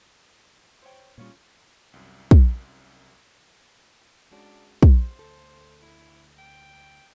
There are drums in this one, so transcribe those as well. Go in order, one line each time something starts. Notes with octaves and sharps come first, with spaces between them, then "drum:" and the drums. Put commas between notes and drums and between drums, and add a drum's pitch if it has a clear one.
C5 C#5 G5
A#2 G3 C#4 F4 C#5
C2 F#2
drum: kick
G#3 C#4 D4 F#4
C5, drum: kick
D2 A4
E4
G5